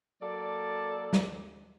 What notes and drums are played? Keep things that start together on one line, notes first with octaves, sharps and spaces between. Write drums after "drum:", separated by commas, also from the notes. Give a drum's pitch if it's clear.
F#3 A#3 A4 D5
drum: snare